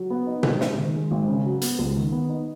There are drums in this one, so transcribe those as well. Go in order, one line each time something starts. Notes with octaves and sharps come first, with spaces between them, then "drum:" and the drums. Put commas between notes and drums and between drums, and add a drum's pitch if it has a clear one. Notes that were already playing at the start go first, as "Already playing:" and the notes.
Already playing: F#3
B3
D#4
G#2, drum: tom B2
G#2, drum: snare
D#3
G#3
G#1
C#3
F#3
B3, drum: hi-hat
C#2
D#3
B3
D#4